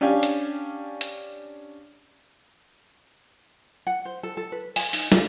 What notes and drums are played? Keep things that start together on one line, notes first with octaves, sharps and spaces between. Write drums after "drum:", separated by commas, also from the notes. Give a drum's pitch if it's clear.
C#4 D4 G4 F5 G#5
drum: hi-hat
drum: hi-hat
F#5
C5
A4
A4
B4
G#5, drum: open hi-hat
D#4, drum: open hi-hat
F4, drum: snare